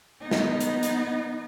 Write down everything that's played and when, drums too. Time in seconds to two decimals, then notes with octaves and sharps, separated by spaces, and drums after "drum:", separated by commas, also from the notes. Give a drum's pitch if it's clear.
0.20 B3 D#4
0.31 drum: snare
0.60 drum: hi-hat
0.83 drum: hi-hat